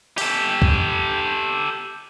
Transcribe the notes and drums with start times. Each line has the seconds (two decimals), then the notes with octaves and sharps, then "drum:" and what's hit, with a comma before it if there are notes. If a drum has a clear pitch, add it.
0.18 G4 A4, drum: open hi-hat
0.62 drum: kick